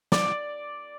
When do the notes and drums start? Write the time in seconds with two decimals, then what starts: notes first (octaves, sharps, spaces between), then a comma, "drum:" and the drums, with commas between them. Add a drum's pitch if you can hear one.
0.12 D5, drum: snare